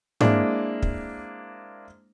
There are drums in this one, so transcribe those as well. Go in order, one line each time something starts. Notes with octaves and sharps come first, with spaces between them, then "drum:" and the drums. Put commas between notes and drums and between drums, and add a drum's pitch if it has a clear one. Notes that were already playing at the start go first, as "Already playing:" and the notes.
G#3 A#3 C4 D4 E4, drum: tom G#2
drum: kick